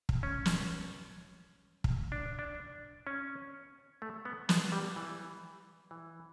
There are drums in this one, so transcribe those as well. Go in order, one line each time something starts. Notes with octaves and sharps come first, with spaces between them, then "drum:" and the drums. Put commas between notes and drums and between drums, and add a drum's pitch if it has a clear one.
drum: kick
C#4
drum: snare
drum: kick
D4
D4
C#4
A3
B3
B3, drum: snare
G3
E3
E3